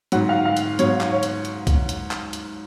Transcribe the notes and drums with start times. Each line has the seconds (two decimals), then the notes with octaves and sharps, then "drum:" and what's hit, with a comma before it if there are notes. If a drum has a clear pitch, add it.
0.12 G#2 F#3 F#5, drum: hi-hat
0.29 F5
0.45 F5
0.57 drum: hi-hat
0.79 G#2 F#3 C#5, drum: hi-hat
1.01 drum: clap
1.11 C#5
1.23 drum: hi-hat
1.45 drum: hi-hat
1.67 drum: kick, hi-hat
1.89 drum: hi-hat
2.11 drum: clap
2.33 drum: hi-hat